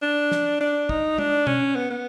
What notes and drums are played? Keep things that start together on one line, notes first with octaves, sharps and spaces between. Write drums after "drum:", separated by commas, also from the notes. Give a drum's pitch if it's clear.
D4
drum: snare
D4
D#4, drum: kick
D4, drum: tom G#3
C#4, drum: tom B2
B3
B3